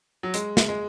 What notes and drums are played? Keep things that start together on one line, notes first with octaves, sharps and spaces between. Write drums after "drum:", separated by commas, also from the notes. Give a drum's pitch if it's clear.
F#3
G#3, drum: hi-hat
drum: snare
G#3